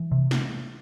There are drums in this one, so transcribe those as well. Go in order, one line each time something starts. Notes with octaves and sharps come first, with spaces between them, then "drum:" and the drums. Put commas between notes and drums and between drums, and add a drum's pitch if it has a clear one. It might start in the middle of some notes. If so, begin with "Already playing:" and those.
Already playing: E3
C3
drum: snare